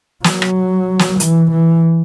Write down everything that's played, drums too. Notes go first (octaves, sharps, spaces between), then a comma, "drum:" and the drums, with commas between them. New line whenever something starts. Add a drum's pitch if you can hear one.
F#3, drum: snare
drum: rim click
drum: snare
E3, drum: hi-hat
E3